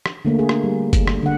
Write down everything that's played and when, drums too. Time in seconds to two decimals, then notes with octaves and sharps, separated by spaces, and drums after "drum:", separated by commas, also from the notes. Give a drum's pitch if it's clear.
0.06 drum: rim click
0.25 D3 A3 A#3
0.39 G#4
0.49 drum: rim click
0.64 G3
0.93 drum: kick F#1, hi-hat
1.07 drum: rim click
1.23 D3 F#5